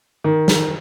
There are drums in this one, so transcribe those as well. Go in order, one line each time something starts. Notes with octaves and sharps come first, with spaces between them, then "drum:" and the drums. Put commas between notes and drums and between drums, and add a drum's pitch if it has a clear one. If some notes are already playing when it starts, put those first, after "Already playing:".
D#3
drum: snare